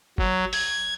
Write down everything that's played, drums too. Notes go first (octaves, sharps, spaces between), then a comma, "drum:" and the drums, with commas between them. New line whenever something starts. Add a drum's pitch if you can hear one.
F#3, drum: kick F#1
G#6, drum: open hi-hat